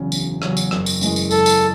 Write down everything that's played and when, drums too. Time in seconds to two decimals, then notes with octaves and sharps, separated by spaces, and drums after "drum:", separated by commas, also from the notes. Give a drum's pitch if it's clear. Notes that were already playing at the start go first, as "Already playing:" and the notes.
Already playing: E1 E2 C#3 F#3 C#4
0.12 E1, drum: tambourine
0.42 E2 C#3 F#3 C#4, drum: rim click
0.57 drum: tambourine
0.71 F#1, drum: rim click
0.86 drum: tambourine
1.01 F#2 E3 G#3, drum: tambourine
1.16 drum: tambourine
1.31 F#1 A4, drum: tambourine
1.46 drum: tambourine